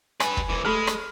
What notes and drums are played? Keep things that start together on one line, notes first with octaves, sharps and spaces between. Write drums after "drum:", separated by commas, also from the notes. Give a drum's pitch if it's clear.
G3 B4 G#5, drum: rim click
drum: kick
C2 E3
G#3 A3 B5 F6
drum: rim click